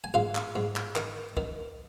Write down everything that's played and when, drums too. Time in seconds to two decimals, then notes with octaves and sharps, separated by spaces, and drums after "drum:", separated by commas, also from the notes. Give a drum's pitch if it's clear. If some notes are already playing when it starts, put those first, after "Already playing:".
0.04 G#5
0.14 G#2 F4 F5
0.35 drum: clap
0.56 G#2
0.76 drum: clap
0.96 D#3, drum: clap
1.37 D#3, drum: kick